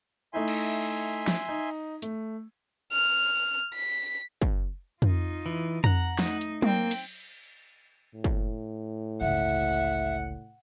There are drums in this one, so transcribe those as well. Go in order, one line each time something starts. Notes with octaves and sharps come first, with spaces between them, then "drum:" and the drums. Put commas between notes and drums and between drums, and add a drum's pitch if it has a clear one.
A3 D#4 E4 E5 G#5 C6
drum: cymbal
drum: snare
D#4
A3, drum: hi-hat
F6
B6
drum: kick
D#4 F4, drum: tom F2
E3
F#5 A#5, drum: tom F2
A3 D#4, drum: snare
drum: hi-hat
A#3 C4 G5, drum: tom F#3
drum: cymbal
A2
drum: kick
G1 C#2 E5 F#5